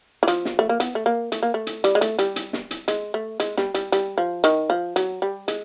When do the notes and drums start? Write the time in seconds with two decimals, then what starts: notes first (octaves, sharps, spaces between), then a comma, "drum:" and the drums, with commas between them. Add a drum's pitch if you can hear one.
0.23 E3
0.28 F3, drum: hi-hat
0.45 drum: snare
0.59 A3
0.69 A#3
0.80 B3, drum: hi-hat
0.95 A3
1.06 A#3
1.32 A3, drum: hi-hat
1.43 A#3
1.54 A3
1.67 drum: hi-hat
1.84 G3, drum: hi-hat
1.95 G#3
2.01 A3, drum: hi-hat
2.19 G3, drum: hi-hat
2.36 drum: hi-hat
2.53 drum: snare
2.71 drum: hi-hat
2.88 G#3, drum: hi-hat
3.14 A3
3.40 G#3, drum: hi-hat
3.58 G3, drum: snare
3.74 G3, drum: hi-hat
3.92 G3, drum: hi-hat
4.18 F3
4.44 D#3, drum: hi-hat
4.70 F3
4.96 F#3, drum: hi-hat
5.22 G3
5.48 G#3, drum: hi-hat